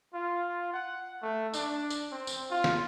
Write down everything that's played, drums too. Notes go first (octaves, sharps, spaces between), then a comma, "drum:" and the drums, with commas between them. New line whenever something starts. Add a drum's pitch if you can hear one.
F4
F#5
A3
D4, drum: tambourine
drum: tambourine
C4
drum: tambourine
F4
drum: snare